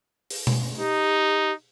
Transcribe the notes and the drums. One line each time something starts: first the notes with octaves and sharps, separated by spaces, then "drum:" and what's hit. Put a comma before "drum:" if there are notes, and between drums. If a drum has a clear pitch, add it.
drum: open hi-hat
drum: tom B2
D#4 G4